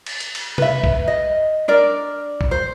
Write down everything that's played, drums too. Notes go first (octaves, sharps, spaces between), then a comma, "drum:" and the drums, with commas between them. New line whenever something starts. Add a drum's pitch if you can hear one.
drum: cymbal
drum: hi-hat
drum: cymbal
B4 E5, drum: tom C3
drum: kick A#1
D#5
D4 A#4 D5
drum: kick A#1
C5